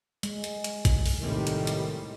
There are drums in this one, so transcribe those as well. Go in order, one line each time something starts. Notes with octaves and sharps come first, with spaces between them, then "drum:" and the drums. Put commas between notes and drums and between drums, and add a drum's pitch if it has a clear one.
G#3, drum: hi-hat
drum: hi-hat
drum: hi-hat
drum: kick A1, hi-hat
drum: open hi-hat
A2 C3 D#3 G3
drum: hi-hat
drum: hi-hat